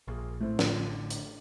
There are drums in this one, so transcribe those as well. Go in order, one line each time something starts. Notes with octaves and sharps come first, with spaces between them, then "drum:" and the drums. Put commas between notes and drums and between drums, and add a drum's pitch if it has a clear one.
A#1 A#3 G#4
A2 A3 C4 E4
A1 D3, drum: snare
drum: hi-hat